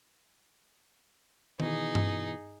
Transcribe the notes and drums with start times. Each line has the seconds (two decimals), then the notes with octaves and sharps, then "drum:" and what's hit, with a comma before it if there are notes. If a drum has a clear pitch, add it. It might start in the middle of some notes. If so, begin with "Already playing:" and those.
1.60 B2 E3 D#4 G#4, drum: tom D#3
1.95 drum: tom G2